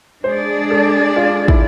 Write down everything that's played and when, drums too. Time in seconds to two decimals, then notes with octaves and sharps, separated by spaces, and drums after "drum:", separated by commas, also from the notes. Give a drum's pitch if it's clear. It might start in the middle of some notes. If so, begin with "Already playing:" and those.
0.23 G#3 D4 G#4 C5 D5
0.71 A4
1.16 F4
1.48 E4, drum: kick